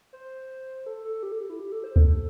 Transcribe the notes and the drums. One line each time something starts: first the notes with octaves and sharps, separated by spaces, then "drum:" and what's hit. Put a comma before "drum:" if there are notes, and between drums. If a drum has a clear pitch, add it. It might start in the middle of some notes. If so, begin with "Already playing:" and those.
C5
A4
A4
G4
A4
G4
E4
G4
A4
C5
A4, drum: kick D2